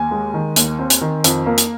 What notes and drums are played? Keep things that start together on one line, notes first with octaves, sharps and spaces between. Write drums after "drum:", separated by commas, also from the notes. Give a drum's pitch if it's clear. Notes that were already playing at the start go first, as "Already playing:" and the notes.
Already playing: D#2 G#5
G#3
D#3
D#2, drum: hi-hat
C4
drum: hi-hat
D#3
F2, drum: hi-hat
A#3
drum: hi-hat